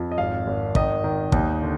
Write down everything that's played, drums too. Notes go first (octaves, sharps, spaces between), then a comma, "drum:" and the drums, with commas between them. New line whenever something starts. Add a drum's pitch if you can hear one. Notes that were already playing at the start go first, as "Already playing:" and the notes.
Already playing: F2
D#5
G#1 F5
G#1
D#3 D#5, drum: kick
D#3
D#2, drum: kick
D3